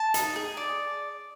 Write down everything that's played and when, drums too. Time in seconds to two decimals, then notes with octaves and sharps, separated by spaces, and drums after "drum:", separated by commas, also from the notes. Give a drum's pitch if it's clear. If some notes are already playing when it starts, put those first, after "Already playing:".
Already playing: A5
0.14 D#4, drum: hi-hat
0.36 G#4
0.57 D5